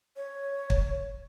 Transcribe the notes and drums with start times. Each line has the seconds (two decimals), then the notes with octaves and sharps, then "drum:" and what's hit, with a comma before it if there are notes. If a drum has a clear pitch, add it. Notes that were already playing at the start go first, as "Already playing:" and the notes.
0.17 C#5
0.70 drum: kick